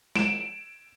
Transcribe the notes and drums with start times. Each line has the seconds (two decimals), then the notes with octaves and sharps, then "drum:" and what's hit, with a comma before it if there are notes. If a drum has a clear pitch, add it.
0.15 D7 E7, drum: snare